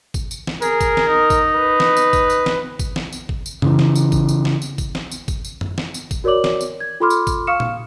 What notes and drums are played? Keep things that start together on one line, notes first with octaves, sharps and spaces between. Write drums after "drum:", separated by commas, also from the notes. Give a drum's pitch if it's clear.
drum: kick G#1, tambourine
drum: tambourine
drum: snare
G#4 A#4, drum: tambourine
drum: kick G#1, tambourine
drum: snare
D#4
drum: kick G#1, tambourine
B4
drum: snare
drum: tambourine
drum: kick G#1, tambourine
drum: tambourine
drum: snare
drum: kick G#1, tambourine
drum: snare
drum: tambourine
drum: kick G#1
drum: tambourine
C#3 E3, drum: tom F#2
drum: snare
drum: tambourine
drum: kick G#1, tambourine
drum: tambourine
drum: snare
drum: tambourine
drum: kick G#1, tambourine
drum: snare
drum: tambourine
drum: kick G#1, tambourine
drum: tambourine
drum: tom F#2
drum: snare
drum: tambourine
drum: kick G#1, tambourine
F#4 A#4 C#5 D5 D6 F#7
drum: snare
drum: tambourine
G#6
F4 A4 B5 C6 D6 F6
drum: tambourine
drum: kick G#1, tambourine
F5 C#6 D#6 F6 C#7 E7
drum: tom A#2